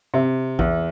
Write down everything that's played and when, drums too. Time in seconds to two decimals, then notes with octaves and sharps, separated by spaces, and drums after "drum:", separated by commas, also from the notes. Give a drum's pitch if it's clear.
0.14 C3
0.59 E2, drum: kick A#1